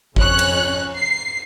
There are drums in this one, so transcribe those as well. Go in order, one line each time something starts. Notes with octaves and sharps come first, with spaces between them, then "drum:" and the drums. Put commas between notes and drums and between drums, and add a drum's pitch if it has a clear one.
F2 C#4 C#5 F#6, drum: kick G#1
drum: cymbal
C7